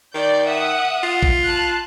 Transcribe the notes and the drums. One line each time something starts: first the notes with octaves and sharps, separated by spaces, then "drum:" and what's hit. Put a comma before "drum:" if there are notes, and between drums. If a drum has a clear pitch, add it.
D#3 D5 G6
E5 F#5 D#6
F4
drum: kick A1
A5 F#6